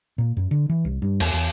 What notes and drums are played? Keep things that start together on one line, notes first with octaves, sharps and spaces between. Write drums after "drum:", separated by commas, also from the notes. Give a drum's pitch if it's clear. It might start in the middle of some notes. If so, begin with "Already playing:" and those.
A#2
F#2
D3
E3
C2
G2
E2, drum: cymbal
E2